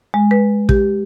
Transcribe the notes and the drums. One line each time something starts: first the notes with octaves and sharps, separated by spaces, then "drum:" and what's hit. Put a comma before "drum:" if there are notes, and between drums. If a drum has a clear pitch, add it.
G#3
B4
G4, drum: kick